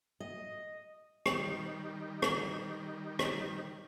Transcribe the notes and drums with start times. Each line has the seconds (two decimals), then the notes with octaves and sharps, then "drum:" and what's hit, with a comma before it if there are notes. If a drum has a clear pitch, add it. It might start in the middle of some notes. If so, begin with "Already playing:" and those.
0.20 D#5
1.26 D#3 G3, drum: rim click
2.22 drum: rim click
3.19 drum: rim click